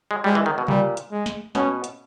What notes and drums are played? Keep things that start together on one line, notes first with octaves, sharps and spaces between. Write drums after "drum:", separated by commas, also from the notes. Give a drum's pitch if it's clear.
G#3
G3 G#3
E3
D#3
B2
A#2 G3, drum: tom
drum: hi-hat
G#3
drum: snare
B2 C#4, drum: snare
drum: hi-hat